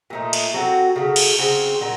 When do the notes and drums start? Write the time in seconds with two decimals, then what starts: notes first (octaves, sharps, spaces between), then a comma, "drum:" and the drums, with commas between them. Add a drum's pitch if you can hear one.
0.10 A#2 A3 D#4
0.33 drum: cymbal
0.54 F#3 C4 F#4 A4
0.96 C#3 F#3 A3
1.16 drum: cymbal
1.39 C#3 F#3 C4
1.81 A#2 F#3